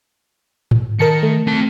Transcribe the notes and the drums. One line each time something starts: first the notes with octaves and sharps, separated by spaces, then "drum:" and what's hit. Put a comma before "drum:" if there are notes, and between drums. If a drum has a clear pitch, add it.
drum: tom G#2
D#3 A#4 A5 C#7
A3
C4 A5